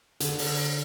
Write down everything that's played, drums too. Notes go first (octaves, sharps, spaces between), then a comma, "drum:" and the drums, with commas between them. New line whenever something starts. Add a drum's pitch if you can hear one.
D3, drum: hi-hat
drum: open hi-hat